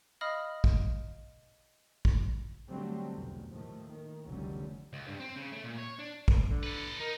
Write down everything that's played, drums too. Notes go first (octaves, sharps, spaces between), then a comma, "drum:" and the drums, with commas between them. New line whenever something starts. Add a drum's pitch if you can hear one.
D#5 F5 B5 D#6 F6 A#6
drum: kick
drum: kick
D3 F#3 G3 A3 C4
F1 B1 E2
D#2 A2 D#3 F3 A3
D#3
F1 C#2 D3 F#3 G3 C#4
C#2
G2
C4
C#3
A3
A#2
C#5
D4
drum: kick
D3
A4 B4
D#4 A#4